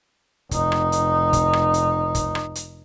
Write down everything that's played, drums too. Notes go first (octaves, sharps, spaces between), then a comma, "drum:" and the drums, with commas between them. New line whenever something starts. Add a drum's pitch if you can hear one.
F1 D#4, drum: kick, hi-hat
drum: rim click
drum: hi-hat
drum: kick, hi-hat
drum: rim click
drum: hi-hat
drum: kick, hi-hat
drum: rim click
drum: hi-hat